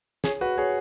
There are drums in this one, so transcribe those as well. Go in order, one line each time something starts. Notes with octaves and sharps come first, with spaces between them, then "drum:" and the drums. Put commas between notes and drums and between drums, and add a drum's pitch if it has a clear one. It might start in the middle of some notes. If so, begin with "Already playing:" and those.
G#4 C#5, drum: snare
F#4 B4
G#4 C#5